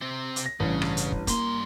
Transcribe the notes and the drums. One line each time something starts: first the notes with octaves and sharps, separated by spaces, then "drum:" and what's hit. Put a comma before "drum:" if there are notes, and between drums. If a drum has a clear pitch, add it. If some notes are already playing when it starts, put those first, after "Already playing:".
C3 C4
drum: hi-hat
A#6
A1 G2 C#3
drum: rim click
drum: hi-hat
drum: kick
G2 A#3 C6, drum: kick, hi-hat